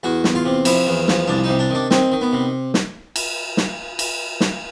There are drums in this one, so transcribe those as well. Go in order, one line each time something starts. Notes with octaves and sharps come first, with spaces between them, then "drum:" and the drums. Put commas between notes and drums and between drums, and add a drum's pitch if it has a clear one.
E2 F#4
E2, drum: snare
F4
C3
F3 E4, drum: cymbal
E2
F3, drum: snare
C2 D4
C3 D#4
D4
D#3 D4
D#3 C4, drum: snare
D#3
B3
C3
drum: snare
drum: cymbal
drum: snare
drum: cymbal
drum: snare